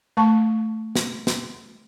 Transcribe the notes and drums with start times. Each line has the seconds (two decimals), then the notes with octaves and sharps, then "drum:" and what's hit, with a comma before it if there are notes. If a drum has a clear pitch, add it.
0.17 A3 A5 C#6
0.96 drum: snare
1.27 drum: snare